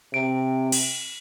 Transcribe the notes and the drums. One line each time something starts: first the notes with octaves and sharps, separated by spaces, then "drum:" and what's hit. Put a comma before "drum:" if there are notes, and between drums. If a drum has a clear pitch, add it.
C3 D7
drum: cymbal